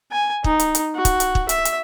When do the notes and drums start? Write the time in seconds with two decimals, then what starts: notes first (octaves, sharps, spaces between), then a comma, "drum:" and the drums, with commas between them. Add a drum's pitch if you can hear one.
0.11 G#5
0.44 D#4, drum: kick
0.59 drum: hi-hat
0.75 drum: hi-hat
0.95 F#4
1.05 drum: kick, hi-hat
1.20 drum: hi-hat
1.35 drum: kick
1.49 E5, drum: hi-hat
1.65 drum: hi-hat